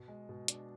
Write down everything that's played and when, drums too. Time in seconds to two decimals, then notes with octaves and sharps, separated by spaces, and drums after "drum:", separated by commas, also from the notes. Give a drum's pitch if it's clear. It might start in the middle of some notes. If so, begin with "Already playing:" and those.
Already playing: B2
0.08 G#3
0.29 B2
0.48 D4, drum: hi-hat